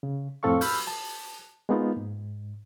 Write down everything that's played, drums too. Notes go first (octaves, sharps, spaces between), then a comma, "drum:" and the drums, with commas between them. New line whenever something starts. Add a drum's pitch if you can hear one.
C#3
F2 A2 C4 A4 F5 C#6
B5 E6 F6 G6, drum: open hi-hat
A5
G#3 A#3 B3 D#4 F4
G#2